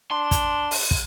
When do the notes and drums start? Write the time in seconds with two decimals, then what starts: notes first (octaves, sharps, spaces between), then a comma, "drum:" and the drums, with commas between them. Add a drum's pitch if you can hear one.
0.11 D4 C6
0.31 drum: kick, hi-hat
0.71 drum: open hi-hat
0.91 drum: kick